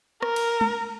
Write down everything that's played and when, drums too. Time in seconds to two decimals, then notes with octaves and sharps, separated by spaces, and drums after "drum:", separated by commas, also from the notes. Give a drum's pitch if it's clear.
0.22 A#4, drum: rim click
0.36 drum: cymbal
0.61 drum: tom G#3